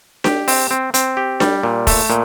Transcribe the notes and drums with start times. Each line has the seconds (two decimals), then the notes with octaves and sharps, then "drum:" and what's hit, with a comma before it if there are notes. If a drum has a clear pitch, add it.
0.24 G4, drum: snare D4
0.48 C4, drum: open hi-hat
0.71 C4
0.94 C4, drum: hi-hat
1.17 G4
1.40 G3, drum: snare D4
1.63 A#2
1.87 A3, drum: kick, open hi-hat
2.10 A#2